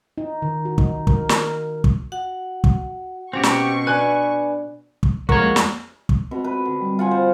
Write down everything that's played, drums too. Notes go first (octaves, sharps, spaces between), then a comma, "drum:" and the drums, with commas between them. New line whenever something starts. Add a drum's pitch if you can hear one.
D#4
D#3
F#4
D#4, drum: kick
A#4, drum: kick
A#4, drum: snare
drum: kick
F#4 F#5
drum: kick
B2 C4 C#4 F#4 G4 C#6
drum: snare
D4 B4 D5 G#5 F#6
drum: kick
F2 G#3 A#3 F#4 A#4 C#5 C#6, drum: kick
drum: snare
drum: kick
B2 C4 F#4
B4
D3
G3 C4
F4 F#5 G#5
C5